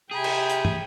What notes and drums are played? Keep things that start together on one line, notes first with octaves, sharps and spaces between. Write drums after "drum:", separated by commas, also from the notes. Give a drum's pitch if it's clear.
C3 G#4 G5 G#5 A#5 B5
drum: cymbal
drum: hi-hat
drum: tom